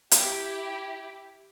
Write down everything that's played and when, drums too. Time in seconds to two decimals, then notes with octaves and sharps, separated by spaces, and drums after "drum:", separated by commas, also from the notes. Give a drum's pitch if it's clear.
0.11 E4 G4, drum: hi-hat